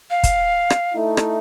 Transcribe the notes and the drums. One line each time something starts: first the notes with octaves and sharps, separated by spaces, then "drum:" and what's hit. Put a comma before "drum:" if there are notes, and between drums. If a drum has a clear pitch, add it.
F5
drum: kick, hi-hat
drum: rim click
A3 D#4 E4
drum: rim click